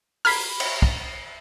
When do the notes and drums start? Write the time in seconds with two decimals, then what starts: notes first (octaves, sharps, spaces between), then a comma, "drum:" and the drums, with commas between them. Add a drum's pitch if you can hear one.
0.25 A#5 B5 F6 G#6 B6 C7, drum: open hi-hat
0.60 drum: cymbal
0.82 drum: kick